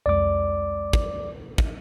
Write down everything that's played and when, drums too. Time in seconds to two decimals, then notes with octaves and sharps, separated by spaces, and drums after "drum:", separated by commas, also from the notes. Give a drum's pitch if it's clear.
0.06 C2 F2 G#3 D5 D6
0.93 drum: kick
1.58 drum: kick